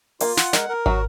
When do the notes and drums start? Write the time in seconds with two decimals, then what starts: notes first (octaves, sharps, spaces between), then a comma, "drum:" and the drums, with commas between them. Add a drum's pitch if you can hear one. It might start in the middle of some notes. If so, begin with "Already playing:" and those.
0.20 A#3 F4, drum: open hi-hat
0.37 F#5, drum: snare
0.53 G#3 A#4, drum: snare
0.69 A#4
0.86 F#3 F#4, drum: kick